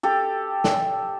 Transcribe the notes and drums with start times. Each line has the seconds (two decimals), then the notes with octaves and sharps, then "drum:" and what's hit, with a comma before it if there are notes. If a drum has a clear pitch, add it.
0.03 G4 A4
0.64 drum: snare